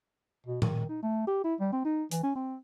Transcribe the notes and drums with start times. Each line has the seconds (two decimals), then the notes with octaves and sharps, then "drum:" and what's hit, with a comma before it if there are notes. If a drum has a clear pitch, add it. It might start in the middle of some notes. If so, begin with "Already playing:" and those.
0.46 B2
0.62 D#3, drum: tom A#2
0.89 D#4
1.02 A3
1.27 G4
1.44 E4
1.60 G3
1.72 C4
1.85 D#4
2.11 E3, drum: hi-hat
2.23 C#4
2.35 C4